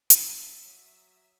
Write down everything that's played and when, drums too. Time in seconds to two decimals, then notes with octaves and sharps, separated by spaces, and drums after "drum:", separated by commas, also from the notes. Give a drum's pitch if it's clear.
0.10 E5 D#6 E6, drum: hi-hat
0.65 F#3